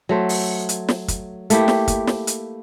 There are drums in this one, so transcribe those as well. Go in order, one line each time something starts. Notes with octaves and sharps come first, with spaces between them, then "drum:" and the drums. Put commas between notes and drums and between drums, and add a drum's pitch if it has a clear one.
F#3 A3 C5
drum: open hi-hat
drum: hi-hat
drum: snare
drum: kick, hi-hat
A3 A#3 E4 G4, drum: hi-hat
drum: snare
drum: kick, hi-hat
drum: snare
drum: hi-hat